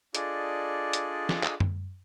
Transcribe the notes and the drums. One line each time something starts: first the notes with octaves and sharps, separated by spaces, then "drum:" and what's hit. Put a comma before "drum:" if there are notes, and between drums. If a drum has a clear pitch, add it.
D4 F4 G#4 A4 D5 D#5, drum: hi-hat
drum: hi-hat
drum: snare
drum: clap
drum: tom F#2